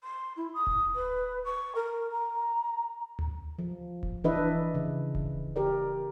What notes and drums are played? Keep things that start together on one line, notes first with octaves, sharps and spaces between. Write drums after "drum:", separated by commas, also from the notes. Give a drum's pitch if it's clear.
C6
E4
D#6
drum: kick D1
B4
C#6
A#4
A#5
drum: tom D2
F3
drum: kick D1
E3 D4 E4 B4 D#5 E5
C#3
drum: kick D1
G4 A#4 D5